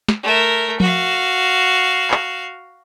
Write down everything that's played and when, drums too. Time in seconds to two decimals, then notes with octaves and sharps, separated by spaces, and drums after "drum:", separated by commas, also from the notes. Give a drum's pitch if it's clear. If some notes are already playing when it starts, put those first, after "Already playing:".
0.08 drum: snare
0.24 A3 A#4
0.80 F#4 F5, drum: tom F3
2.11 drum: clap